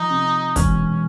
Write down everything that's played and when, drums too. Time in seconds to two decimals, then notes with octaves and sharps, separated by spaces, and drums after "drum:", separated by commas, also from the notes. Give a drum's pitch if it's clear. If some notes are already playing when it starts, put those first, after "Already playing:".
Already playing: F3 D#4
0.10 C3
0.56 E1 C#4, drum: kick, hi-hat